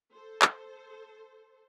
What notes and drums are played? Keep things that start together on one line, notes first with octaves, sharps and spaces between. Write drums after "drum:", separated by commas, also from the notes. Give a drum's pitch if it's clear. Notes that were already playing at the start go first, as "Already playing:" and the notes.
A4 C5
drum: clap